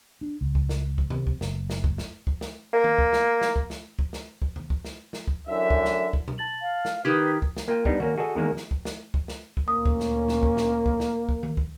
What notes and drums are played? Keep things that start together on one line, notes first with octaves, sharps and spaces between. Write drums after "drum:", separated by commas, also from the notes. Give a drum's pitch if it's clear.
D4
C#2
drum: kick
drum: snare
drum: kick
C3, drum: tom D#3
drum: kick
F#1, drum: snare
drum: snare
drum: kick
drum: snare
drum: kick
drum: snare
A#3
drum: tom D#3
drum: kick
drum: snare
drum: snare
drum: kick
drum: snare
drum: kick
drum: snare
drum: kick
drum: tom E2
drum: kick
drum: snare
drum: snare
drum: kick
F#2 D3 E3 E5
drum: kick
drum: snare
drum: kick
drum: tom B2
A5 A6 F#7
F5
drum: snare
D#3 G4 B4 D#6 G#6
drum: kick
drum: snare
A#3 F4 G5
G3 B3 D4 D#4, drum: kick
A#3 C#4 F#4, drum: tom D#3
F#4 G#4 A4 D#5
E2 D#3 G#3 A#3
drum: snare
drum: kick
drum: snare
drum: kick
drum: snare
drum: kick
D2 A#2 A#3 C#4 D#6
drum: kick
drum: snare
drum: snare
drum: kick
drum: snare
drum: kick
drum: snare
drum: kick
drum: tom D#3
drum: kick